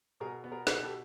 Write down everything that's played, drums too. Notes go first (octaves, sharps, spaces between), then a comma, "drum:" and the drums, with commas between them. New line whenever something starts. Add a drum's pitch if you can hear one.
B2 G#4 A#4
B3
G#4 A#4
B2, drum: snare
G4 A4